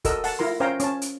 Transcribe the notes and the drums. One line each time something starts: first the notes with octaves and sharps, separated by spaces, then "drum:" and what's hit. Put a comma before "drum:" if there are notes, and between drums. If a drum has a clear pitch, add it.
F#4 A4 A#4 D#5 E6, drum: kick, hi-hat
F#5 A5, drum: open hi-hat
E4 F4 A#4 A#5 C6
C#4 C5 C#5 F5 G5 A#5
C#4 A5, drum: hi-hat
drum: hi-hat